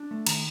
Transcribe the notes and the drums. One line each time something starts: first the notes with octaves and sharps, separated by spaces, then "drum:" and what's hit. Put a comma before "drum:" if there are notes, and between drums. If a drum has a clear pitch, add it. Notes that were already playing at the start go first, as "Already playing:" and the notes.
Already playing: D4
A3
D#3 A#5, drum: cymbal